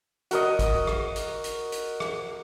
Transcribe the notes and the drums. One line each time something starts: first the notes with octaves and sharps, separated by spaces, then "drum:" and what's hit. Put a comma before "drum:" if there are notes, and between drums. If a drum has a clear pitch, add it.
F#4 A#4 D#5, drum: hi-hat
drum: kick A1, hi-hat
drum: rim click
drum: hi-hat
drum: hi-hat
drum: hi-hat
drum: rim click